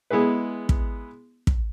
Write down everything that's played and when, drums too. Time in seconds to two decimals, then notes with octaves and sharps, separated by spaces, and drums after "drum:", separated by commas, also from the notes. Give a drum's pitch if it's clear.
0.10 G#3 B3 E4 G#4 B4
0.69 drum: kick
1.47 drum: kick